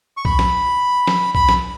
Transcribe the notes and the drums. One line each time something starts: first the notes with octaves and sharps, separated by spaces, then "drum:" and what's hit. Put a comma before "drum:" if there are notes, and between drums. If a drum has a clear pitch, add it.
C#6
B5, drum: kick
drum: snare
drum: snare
B5, drum: kick
drum: snare